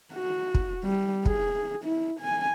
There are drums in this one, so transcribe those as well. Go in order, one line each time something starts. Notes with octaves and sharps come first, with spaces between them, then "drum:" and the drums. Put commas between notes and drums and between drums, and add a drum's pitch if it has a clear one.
F#4
drum: kick
G3
G#4, drum: kick
E4
G#5